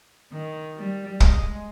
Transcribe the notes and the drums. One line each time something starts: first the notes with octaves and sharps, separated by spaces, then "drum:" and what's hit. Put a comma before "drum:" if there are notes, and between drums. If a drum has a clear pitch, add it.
D#3
G3
G#3, drum: kick